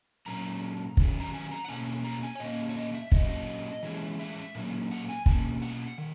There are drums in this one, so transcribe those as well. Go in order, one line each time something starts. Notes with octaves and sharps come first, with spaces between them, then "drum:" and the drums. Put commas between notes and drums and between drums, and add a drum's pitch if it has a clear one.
A#2 F#3 C#4 A#5
D#3 F#3 C#4, drum: kick
A#5
G#5
A#5
F#5
B2 A#3 C#4 G#5
A#5
G#5
C#5
A#2 A#3 C#4 D#5
C#5
D#5
E5
A#2 F#3 C#4 D#5, drum: kick
D#5
E3 G#3 C#4
E5
A#2 F#3 A#3 C#4
F#5
G#5
B2 A#3 C#4 G#5, drum: kick
F#5
D#3